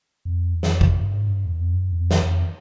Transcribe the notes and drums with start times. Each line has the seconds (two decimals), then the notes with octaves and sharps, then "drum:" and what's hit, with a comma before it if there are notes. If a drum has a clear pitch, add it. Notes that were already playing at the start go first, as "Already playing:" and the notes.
0.25 F2
0.54 E2
0.63 F2, drum: snare
0.81 drum: kick G#1
1.00 G2
1.14 G#2
1.28 G2
1.46 E2
1.59 F2
1.73 F#2
1.92 E2
1.98 F2
2.11 drum: snare
2.23 F2